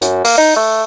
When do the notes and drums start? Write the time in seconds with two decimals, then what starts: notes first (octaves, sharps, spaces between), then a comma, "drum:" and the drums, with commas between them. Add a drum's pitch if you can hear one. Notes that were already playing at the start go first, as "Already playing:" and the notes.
0.01 F#2, drum: hi-hat
0.24 A#3, drum: open hi-hat
0.38 D#4
0.56 A3